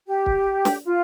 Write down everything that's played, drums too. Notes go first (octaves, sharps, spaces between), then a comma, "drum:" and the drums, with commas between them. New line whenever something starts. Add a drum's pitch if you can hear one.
G4
drum: kick
drum: snare
F4